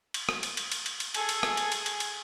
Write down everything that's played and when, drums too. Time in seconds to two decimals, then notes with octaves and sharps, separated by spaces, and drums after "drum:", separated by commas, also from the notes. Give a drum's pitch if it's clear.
0.14 drum: cymbal
0.29 drum: rim click
0.43 drum: cymbal
0.57 drum: cymbal
0.72 drum: cymbal
0.86 drum: cymbal
1.00 drum: cymbal
1.14 G#4 A4 G#5, drum: cymbal
1.29 drum: cymbal
1.43 drum: rim click
1.57 drum: cymbal
1.72 drum: cymbal
1.86 drum: cymbal
2.00 drum: cymbal